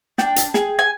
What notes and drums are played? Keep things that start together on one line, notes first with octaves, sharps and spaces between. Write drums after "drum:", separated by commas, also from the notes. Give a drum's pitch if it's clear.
D4 G5, drum: snare
drum: hi-hat
G#4, drum: snare
G#5